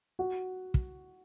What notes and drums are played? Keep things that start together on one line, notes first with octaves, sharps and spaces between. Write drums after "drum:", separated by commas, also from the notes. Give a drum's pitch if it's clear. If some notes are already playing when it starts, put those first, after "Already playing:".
F#4
drum: kick